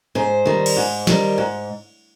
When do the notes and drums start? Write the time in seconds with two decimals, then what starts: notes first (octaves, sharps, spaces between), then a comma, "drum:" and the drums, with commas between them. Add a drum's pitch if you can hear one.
0.15 G#2 C5
0.46 D#3 G3
0.66 drum: cymbal
0.76 G#2
1.07 D#3 G3, drum: snare
1.38 G#2